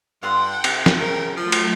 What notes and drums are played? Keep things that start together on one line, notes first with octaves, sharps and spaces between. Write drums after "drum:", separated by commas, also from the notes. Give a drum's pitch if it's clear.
G2 F4 A4 F#5 G5 C6
C3, drum: cymbal
drum: snare
C#3 A#4
F3 F#3 A3 F4 A4
drum: cymbal